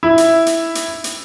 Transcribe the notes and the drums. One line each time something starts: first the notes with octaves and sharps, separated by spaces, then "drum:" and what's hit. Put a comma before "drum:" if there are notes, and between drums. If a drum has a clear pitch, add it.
E4
drum: hi-hat
drum: hi-hat
drum: hi-hat
drum: hi-hat